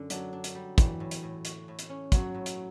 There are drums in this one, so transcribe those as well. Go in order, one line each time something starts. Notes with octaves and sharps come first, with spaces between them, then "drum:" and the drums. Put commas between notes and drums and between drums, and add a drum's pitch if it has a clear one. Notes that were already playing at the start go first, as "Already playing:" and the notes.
Already playing: F#2 D3
F#3 D4, drum: hi-hat
D4
drum: hi-hat
G3
E3 G3, drum: kick, hi-hat
A2
drum: hi-hat
A2
F#4, drum: hi-hat
A2
drum: hi-hat
C#4
F#3 F#4, drum: kick, hi-hat
A2
drum: hi-hat